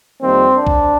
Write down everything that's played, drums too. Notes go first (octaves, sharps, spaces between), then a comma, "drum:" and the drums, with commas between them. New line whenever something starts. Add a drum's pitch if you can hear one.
F2 D#3 G3 A#3 C4
D4
drum: kick B1